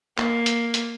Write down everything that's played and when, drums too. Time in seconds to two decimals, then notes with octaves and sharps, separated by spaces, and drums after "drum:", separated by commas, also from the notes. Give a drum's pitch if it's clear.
0.18 A#3, drum: clap
0.46 drum: hi-hat
0.74 drum: hi-hat